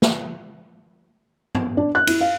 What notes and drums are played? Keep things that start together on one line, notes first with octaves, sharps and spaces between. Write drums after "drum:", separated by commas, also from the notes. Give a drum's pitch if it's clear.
drum: snare
drum: tom
D4
F#6
E4, drum: cymbal
F5